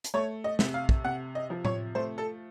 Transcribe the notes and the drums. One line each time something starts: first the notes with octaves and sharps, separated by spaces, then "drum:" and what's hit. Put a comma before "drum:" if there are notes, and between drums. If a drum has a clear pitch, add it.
drum: hi-hat
A3 C#5
D#5
C3, drum: snare
F5
drum: kick
C3 F#5
D#5
F3
C#5, drum: tom A2
A3 C5
A4